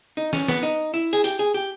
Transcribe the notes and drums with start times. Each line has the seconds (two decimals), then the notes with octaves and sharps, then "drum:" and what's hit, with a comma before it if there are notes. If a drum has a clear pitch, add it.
0.17 D#4
0.33 C#4, drum: snare
0.48 B3, drum: snare
0.63 D#4
0.94 E4
1.13 G#4
1.24 G4, drum: open hi-hat
1.39 G#4
1.54 G4